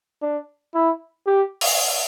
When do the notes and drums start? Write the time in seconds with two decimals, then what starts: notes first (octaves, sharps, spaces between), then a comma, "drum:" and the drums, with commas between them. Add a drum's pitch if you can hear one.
0.22 D4
0.74 E4
1.26 G4
1.61 drum: open hi-hat